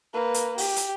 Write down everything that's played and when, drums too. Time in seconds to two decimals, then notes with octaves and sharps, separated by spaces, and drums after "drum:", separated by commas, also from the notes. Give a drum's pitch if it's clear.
0.13 A#3 B4
0.34 drum: hi-hat
0.58 G4, drum: open hi-hat
0.76 drum: hi-hat